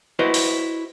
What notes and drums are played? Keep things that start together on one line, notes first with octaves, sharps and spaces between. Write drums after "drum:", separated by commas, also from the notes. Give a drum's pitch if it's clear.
E4 F#4 B4 C5 D#5
drum: open hi-hat